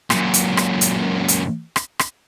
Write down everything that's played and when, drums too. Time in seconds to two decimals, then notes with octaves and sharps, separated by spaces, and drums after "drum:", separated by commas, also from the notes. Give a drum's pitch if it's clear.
0.10 F#2 A#2, drum: rim click
0.34 drum: hi-hat
0.57 drum: rim click
0.81 drum: hi-hat
1.28 drum: hi-hat
1.76 drum: rim click
1.99 drum: rim click